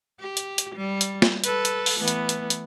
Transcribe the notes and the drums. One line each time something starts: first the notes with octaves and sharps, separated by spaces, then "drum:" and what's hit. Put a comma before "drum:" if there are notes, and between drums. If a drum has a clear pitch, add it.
G4
drum: hi-hat
drum: hi-hat
G3
drum: hi-hat
drum: snare
A4 B4, drum: hi-hat
drum: hi-hat
drum: open hi-hat
E3 A3 B3
drum: hi-hat
drum: hi-hat
drum: hi-hat